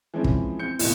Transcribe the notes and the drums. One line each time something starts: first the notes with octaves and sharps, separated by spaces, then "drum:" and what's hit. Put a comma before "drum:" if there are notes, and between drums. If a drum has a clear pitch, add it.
E3 F3 G#3 C4 C#4
drum: kick
C4 G6 C#7
A1 B2 E3 F4, drum: open hi-hat